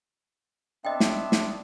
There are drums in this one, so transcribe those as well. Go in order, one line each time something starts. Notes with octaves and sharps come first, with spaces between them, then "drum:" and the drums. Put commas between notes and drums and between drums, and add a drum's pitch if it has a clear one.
B3 C4 D4 D#5 E5 G5
drum: snare
drum: snare